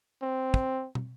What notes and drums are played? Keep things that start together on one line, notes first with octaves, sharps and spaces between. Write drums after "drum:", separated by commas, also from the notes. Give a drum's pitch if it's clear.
C4
drum: kick
drum: tom